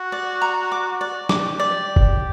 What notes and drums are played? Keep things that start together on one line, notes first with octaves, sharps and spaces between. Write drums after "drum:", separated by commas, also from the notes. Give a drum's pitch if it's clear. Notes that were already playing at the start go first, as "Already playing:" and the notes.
Already playing: F#4
D5
A#5
D6
D5
G4 D6, drum: snare
D5
drum: kick